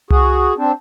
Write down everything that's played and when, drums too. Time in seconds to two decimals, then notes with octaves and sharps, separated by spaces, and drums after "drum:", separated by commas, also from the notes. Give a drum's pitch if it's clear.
0.10 F#4 G#4, drum: tom C2
0.57 C4 D4